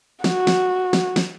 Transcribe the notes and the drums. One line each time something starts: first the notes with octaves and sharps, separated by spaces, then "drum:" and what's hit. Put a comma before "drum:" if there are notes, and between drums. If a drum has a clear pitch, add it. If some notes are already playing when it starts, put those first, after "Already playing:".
F#4, drum: snare
drum: snare
drum: snare
drum: snare